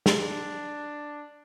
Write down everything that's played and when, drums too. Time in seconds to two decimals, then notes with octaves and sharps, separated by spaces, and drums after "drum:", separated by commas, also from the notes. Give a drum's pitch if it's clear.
0.06 drum: snare
0.18 D4